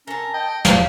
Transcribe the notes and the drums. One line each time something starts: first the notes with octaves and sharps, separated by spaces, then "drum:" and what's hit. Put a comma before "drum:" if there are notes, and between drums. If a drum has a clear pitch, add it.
C#4 A4 A#4 A5
D#5 G5
E3 F3 G3 G4 F5, drum: snare